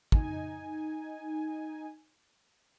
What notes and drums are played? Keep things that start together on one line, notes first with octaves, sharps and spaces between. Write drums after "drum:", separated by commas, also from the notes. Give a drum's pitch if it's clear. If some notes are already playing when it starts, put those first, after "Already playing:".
D#4 G#5, drum: kick